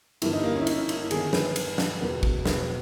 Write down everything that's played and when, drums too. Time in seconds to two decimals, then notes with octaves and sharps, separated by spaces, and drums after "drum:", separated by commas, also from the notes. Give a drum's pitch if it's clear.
0.22 G1 G2 E3 E4, drum: cymbal
0.33 D#4
0.43 A#3
0.55 C#4
0.61 E4
0.67 D#4, drum: cymbal
0.89 E4, drum: cymbal
1.11 G1 G2 D#3 G#4, drum: cymbal
1.33 B4, drum: snare
1.56 drum: cymbal
1.78 drum: snare
2.01 E1 E2 B2 B4
2.23 drum: kick
2.45 B4, drum: snare